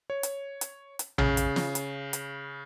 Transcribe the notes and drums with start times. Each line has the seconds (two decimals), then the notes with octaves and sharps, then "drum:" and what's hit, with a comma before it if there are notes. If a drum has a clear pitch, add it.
0.10 C#5
0.23 drum: hi-hat
0.61 drum: hi-hat
0.99 drum: hi-hat
1.18 C#3, drum: tom
1.37 drum: hi-hat
1.56 drum: snare
1.75 drum: hi-hat
2.13 drum: hi-hat